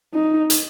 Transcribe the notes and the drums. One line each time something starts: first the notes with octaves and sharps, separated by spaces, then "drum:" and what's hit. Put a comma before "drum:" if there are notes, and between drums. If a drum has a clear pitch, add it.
D#4
drum: hi-hat